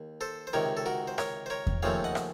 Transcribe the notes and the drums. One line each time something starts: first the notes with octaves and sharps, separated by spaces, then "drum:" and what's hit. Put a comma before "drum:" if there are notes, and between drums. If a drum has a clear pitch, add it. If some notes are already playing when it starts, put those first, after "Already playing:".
Already playing: D#2
A4 C5
C5
C#2 C3 D#3 A#4 C#5
A4
F#4 A#4
C5
A#4 C#5, drum: rim click
C5
A#4 C#5
drum: kick E2
D#2 C#3 F3 A3 C4 C#5 F5
D#5 F#5
drum: rim click